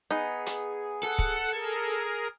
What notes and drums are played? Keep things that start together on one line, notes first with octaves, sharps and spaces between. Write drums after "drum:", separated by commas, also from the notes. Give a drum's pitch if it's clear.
B3 D#4 G#4
drum: hi-hat
A4 F#5
drum: kick C#1
G#4 A#4 G#6